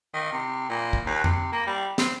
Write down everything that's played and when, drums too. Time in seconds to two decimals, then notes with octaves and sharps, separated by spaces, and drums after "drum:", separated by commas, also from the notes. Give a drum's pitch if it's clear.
0.14 D#3
0.32 C3
0.69 A#2
0.93 drum: kick
1.06 D#2
1.24 C3, drum: tom F2
1.52 A#3
1.67 G3
1.98 C4, drum: snare